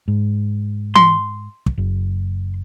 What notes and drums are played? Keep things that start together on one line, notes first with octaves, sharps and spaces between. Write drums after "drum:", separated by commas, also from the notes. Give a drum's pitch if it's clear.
G#2
C6, drum: tom E3
drum: kick
F#1